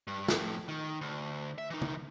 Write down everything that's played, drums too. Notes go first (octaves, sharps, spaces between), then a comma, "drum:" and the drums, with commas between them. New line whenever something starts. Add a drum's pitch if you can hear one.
G2
F2 A2, drum: snare
D#3
D2
E5
E3 D#4
drum: tom